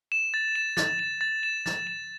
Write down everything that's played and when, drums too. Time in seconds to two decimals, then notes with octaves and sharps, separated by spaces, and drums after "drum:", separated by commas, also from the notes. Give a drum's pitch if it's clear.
0.12 E7
0.34 A6
0.55 E7
0.77 A6, drum: snare
0.99 E7
1.21 A6
1.43 E7
1.66 A6, drum: snare
1.87 E7